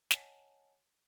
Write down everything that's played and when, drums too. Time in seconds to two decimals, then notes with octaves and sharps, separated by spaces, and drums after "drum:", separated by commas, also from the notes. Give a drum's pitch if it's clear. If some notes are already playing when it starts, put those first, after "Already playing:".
0.11 C#5 D#5 F#5 G#5 A5, drum: snare